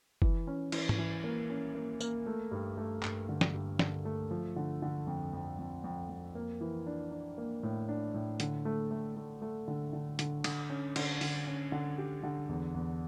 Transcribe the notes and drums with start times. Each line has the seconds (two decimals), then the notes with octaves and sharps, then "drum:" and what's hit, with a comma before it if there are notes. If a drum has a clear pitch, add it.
0.22 E3, drum: kick
0.47 C#4
0.72 E3, drum: cymbal
0.89 drum: tom G#2
0.98 E3
1.24 A#3
1.50 C#4
1.75 A#3
2.01 A#3, drum: tambourine
2.26 A3
2.51 G2
2.77 A3
3.03 G2, drum: clap
3.29 D3
3.41 drum: snare
3.54 G2
3.79 D3, drum: snare
4.05 A3
4.31 F3
4.56 D3
4.82 D3
5.07 F2
5.33 F2
5.59 F2
5.84 F2
6.09 F2
6.35 A#3
6.61 E3
6.86 D4
7.11 D4
7.38 A#3
7.63 A2
7.89 D4
8.14 A2
8.40 D3, drum: hi-hat
8.65 A3
8.91 A3
9.16 A3
9.42 A3
9.68 D3
9.93 D3
10.19 D3, drum: hi-hat
10.44 D3, drum: cymbal
10.70 C#4
10.96 D3, drum: cymbal
11.21 D3, drum: open hi-hat
11.47 C#4
11.72 D3
11.98 G4
12.23 D3
12.49 E2
12.74 E2